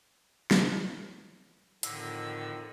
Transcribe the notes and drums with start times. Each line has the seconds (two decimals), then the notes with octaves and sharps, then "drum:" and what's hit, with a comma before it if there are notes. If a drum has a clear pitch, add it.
0.51 drum: snare
1.83 F2 A2 D3 D#3 E6, drum: hi-hat